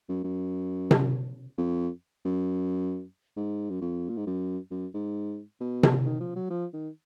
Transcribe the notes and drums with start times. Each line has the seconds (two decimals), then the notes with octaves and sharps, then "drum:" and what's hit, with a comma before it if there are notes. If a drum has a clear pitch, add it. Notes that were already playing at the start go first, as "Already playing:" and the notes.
0.09 F#2
0.24 F#2
0.91 drum: tom C3
1.58 F2
2.25 F#2
3.37 G#2
3.70 F#2
3.81 F2
4.09 A#2
4.17 G#2
4.27 F#2
4.71 F#2
4.94 G#2
5.60 B2
5.83 drum: tom C3
6.06 D#3
6.21 F3
6.36 F#3
6.50 F3
6.73 D#3